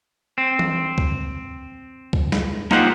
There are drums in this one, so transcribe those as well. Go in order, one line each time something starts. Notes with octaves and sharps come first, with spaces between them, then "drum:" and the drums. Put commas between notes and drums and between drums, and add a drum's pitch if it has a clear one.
C4
drum: tom E3
drum: kick C#2
drum: kick C#2
drum: snare
A#3 D#4 F4 G4 C5 F#5, drum: snare